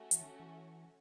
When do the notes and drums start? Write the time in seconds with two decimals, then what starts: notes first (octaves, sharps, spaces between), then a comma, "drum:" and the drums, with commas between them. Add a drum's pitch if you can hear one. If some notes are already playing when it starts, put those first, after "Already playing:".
Already playing: A3 C#4 F#4
0.11 E3, drum: hi-hat
0.21 D#3
0.40 E3